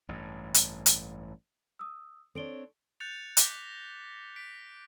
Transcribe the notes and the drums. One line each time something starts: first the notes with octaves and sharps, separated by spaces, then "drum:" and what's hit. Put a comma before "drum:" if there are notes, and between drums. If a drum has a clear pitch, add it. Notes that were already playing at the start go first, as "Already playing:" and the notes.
A1 G2
drum: hi-hat
drum: hi-hat
D#6 E6
C4 D4 A4 C#5 D7 G7
F#6 G6 A6 C#7 F7
D6 G6 A#6 B6 G7, drum: hi-hat
B6 D7